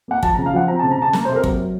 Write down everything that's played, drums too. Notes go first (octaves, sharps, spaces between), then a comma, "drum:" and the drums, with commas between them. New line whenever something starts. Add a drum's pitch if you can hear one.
A#3 F#5
F3 A5, drum: kick
A#5
C#3
F5
F3 F#5
C4 A#5
A5
C#3
A#5
C#3 A5
A#3 A#5, drum: snare
C5
C3 A4
A#4
F#3, drum: kick
F#3